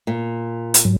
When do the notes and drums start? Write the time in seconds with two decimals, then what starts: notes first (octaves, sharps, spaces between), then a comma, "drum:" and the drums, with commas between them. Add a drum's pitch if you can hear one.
0.07 A#2
0.74 drum: hi-hat
0.85 G#2 F#3